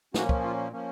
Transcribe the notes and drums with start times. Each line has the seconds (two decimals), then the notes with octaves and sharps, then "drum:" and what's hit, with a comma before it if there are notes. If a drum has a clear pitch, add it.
0.14 A#2 F3 A#3 C#4 F#4, drum: snare
0.29 drum: kick
0.44 F4
0.72 F3 A#3 C#4